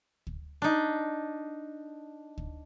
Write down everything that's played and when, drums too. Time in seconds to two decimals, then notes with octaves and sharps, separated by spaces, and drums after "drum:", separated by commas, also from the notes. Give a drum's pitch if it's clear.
0.27 drum: kick
0.62 D4 D#4
2.38 drum: kick